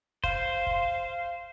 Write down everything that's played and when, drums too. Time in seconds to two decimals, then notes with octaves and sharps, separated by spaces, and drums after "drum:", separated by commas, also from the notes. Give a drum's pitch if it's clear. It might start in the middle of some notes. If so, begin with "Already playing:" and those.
0.24 C5 F5, drum: kick
0.67 drum: kick